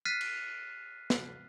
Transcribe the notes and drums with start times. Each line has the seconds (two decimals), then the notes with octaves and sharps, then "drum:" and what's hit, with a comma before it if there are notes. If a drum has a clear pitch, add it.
0.05 F6 F#6 A6 B6 C7 D#7
0.21 drum: cymbal
1.10 drum: snare